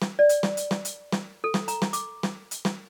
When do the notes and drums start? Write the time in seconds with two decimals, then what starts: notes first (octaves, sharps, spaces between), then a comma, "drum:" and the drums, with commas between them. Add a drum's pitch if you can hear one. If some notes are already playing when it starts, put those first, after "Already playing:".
0.02 drum: snare
0.19 D5
0.29 drum: hi-hat
0.43 drum: snare
0.57 drum: hi-hat
0.71 drum: snare
0.85 drum: hi-hat
1.12 drum: snare
1.44 A4
1.54 drum: snare
1.68 A#5, drum: hi-hat
1.82 drum: snare
1.93 D6, drum: hi-hat
2.23 drum: snare
2.51 drum: hi-hat
2.65 drum: snare